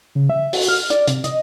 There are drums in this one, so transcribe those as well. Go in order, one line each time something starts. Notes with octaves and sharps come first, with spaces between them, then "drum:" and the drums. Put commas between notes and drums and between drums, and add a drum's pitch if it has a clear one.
C#3
E5
F#4, drum: open hi-hat
F6
D5, drum: hi-hat
C3, drum: hi-hat
D#5, drum: hi-hat